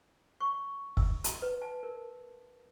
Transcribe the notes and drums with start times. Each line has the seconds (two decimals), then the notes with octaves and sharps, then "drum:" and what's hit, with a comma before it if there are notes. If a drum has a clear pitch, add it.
0.40 C#6
0.97 E6, drum: kick
1.24 C6, drum: hi-hat
1.42 B4
1.62 A5
1.83 A#4